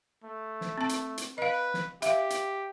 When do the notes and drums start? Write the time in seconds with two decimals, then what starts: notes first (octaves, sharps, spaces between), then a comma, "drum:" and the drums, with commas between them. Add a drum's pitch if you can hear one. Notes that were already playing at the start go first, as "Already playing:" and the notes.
0.24 A3
0.61 drum: snare
0.78 C4 A5
0.89 drum: hi-hat
1.18 drum: hi-hat
1.38 B4 D#5 F5
1.74 drum: snare
2.02 G4 E5 F5, drum: hi-hat
2.30 drum: hi-hat